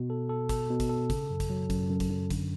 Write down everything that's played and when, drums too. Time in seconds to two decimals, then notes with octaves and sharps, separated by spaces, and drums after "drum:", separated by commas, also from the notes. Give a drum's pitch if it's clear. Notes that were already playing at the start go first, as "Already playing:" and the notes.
Already playing: B2
0.10 A4
0.29 A4
0.49 A4, drum: kick, hi-hat
0.70 B2
0.80 drum: kick, hi-hat
0.89 A4
1.10 C#3, drum: kick, hi-hat
1.31 F#2
1.40 drum: kick, hi-hat
1.50 F#3
1.70 F#2, drum: kick, hi-hat
1.90 F#2
2.00 drum: kick, hi-hat
2.11 F#2
2.30 D3, drum: kick, hi-hat